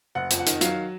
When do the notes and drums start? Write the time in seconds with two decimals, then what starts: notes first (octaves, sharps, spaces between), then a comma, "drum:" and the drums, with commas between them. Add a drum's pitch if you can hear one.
0.15 F#1 F#5
0.30 F2, drum: hi-hat
0.39 F#5
0.46 D#3, drum: hi-hat
0.61 F#3 F5, drum: hi-hat